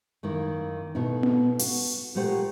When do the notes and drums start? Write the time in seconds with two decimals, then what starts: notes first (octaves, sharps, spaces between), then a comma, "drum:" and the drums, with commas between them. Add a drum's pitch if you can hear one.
0.23 F#2 D#3 A#3 E4
0.95 B2 A3 D#4 E4
1.23 drum: tom B3
1.59 F#4, drum: open hi-hat
2.15 A#2 G#3 A3 G4 C5 F#5